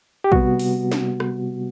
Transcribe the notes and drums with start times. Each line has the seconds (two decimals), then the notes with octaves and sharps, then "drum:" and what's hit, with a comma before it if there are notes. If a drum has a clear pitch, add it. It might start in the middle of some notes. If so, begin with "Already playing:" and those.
0.24 G4
0.32 C3 G3 B3 F#4, drum: kick A#1
0.59 drum: open hi-hat
0.92 drum: snare
1.20 drum: rim click